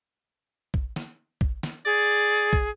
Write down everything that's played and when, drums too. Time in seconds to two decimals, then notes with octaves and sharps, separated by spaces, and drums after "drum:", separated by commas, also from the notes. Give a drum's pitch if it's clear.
0.74 drum: kick
0.96 drum: snare
1.41 drum: kick
1.63 drum: snare
1.86 G#4 D5
2.53 drum: kick